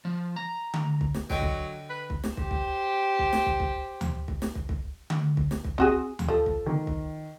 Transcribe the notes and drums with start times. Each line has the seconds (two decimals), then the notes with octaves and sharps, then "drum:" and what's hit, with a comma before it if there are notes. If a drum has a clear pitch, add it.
0.05 F3
0.36 A#5
0.74 drum: tom D3
1.01 drum: kick
1.14 drum: snare
1.30 D3 F#3 D#5 G5, drum: kick
1.42 drum: kick
1.90 B4
2.10 drum: kick
2.24 drum: snare
2.37 G4 C5, drum: kick
2.51 drum: kick
3.19 drum: kick
3.33 drum: snare
3.46 drum: kick
3.60 drum: kick
4.01 drum: tom D2
4.28 drum: kick
4.42 drum: snare
4.55 drum: kick
4.69 drum: kick
5.10 drum: tom D3
5.37 drum: kick
5.51 drum: snare
5.64 drum: kick
5.78 C4 F#4 G#4, drum: kick
6.19 drum: tom D2
6.28 F3 A4
6.46 drum: kick
6.66 D#3
6.87 drum: kick